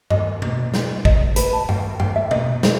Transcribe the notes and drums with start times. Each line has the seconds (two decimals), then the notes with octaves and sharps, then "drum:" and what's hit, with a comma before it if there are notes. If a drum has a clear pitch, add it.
0.10 D#5, drum: tom G2
0.42 drum: tom B2
0.74 drum: snare
1.05 D#5, drum: kick G#1
1.36 B4, drum: hi-hat
1.53 A5
1.69 G5, drum: tom G2
2.00 G5, drum: tom G2
2.16 E5
2.31 D#5, drum: tom B2
2.63 C5, drum: snare